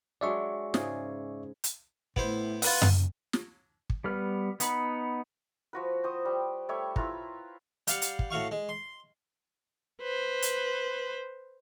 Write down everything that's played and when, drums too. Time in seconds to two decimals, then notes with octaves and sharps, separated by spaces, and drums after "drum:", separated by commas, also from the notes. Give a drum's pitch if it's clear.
0.21 F#3 G#3 D4 D5 E5 C#6
0.74 G#2 C#3 G#4, drum: snare
1.64 drum: hi-hat
2.16 A2 B3 E4 C5, drum: kick
2.62 F4 B4 F#5, drum: open hi-hat
2.82 drum: tom F#2
3.33 drum: snare
3.90 drum: kick
4.04 G3 B3 G4 B4 F6
4.60 B3 D#4 F#5 B5, drum: hi-hat
5.73 F3 F#4 B4
6.04 C5 C#6 D#6
6.25 G3
6.69 G3 A3 C#5 E5
6.96 E4 F4 B4 A#5, drum: kick
7.87 G3 F5 F#5, drum: hi-hat
8.02 drum: hi-hat
8.19 drum: kick
8.30 A2 F#4 F5 C#6
8.51 G#3
8.69 C6
10.02 B4 C5
10.42 drum: hi-hat